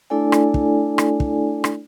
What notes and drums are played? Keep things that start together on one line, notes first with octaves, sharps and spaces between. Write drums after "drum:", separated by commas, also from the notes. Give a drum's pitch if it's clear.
A3 D4 E4 A4 D5 G#5
drum: rim click
drum: kick
drum: rim click
drum: kick
drum: rim click